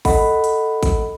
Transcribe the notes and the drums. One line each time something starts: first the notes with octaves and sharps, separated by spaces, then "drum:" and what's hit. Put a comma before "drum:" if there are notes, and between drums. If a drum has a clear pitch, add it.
A4 D#5 F#5 B5, drum: kick, open hi-hat
drum: hi-hat
drum: kick, hi-hat